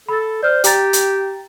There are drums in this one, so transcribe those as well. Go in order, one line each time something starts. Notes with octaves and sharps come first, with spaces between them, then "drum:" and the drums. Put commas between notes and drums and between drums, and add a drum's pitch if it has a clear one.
A4 B5 A6
C5 D5 F6
G4 G5 A#5 A6, drum: hi-hat
drum: hi-hat